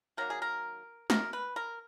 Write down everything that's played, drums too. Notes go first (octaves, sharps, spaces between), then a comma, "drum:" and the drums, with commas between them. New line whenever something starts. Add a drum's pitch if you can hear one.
D#3 F#3 A#3 A#4
G#4
A#4
A#4, drum: snare
B4
A#4